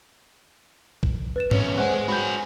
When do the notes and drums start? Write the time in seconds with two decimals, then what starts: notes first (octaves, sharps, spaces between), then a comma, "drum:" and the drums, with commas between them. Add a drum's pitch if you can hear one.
1.03 drum: kick A#1
1.36 B4 A6 E7
1.51 E2 C#4, drum: tom G#2
1.78 G#3 G#4 C5 F#5 F#6
1.94 G#3
2.08 F#4 G#4 B5 G6